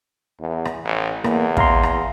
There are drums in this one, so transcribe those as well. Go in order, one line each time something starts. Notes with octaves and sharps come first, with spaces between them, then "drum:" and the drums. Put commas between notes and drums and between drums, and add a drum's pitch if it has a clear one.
E2
drum: rim click
A1
E2 A#3, drum: rim click
F5 A#5 C6, drum: kick
drum: rim click